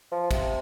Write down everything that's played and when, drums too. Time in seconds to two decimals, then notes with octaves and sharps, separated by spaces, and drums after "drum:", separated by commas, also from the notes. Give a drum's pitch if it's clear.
0.11 F3
0.31 C3, drum: kick, cymbal